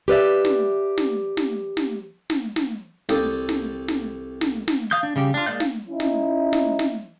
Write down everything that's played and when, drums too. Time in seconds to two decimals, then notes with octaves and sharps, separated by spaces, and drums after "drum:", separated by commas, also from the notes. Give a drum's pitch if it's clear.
0.08 G4 B4 D5 E5
0.45 drum: snare
0.98 drum: snare
1.37 drum: snare
1.77 drum: snare
2.30 drum: snare
2.56 drum: snare
3.09 C2 A4 D5 G5 D#6, drum: snare
3.49 drum: snare
3.88 drum: snare
4.41 drum: snare
4.68 drum: snare
4.91 F5 D#6 G6
5.03 D4
5.16 C#3 G3 G4
5.34 D4 F4
5.46 G#3 A#3 D5 F5 G6
5.60 drum: snare
5.88 C#4 D#4 E4
6.00 drum: snare
6.53 drum: snare
6.79 drum: snare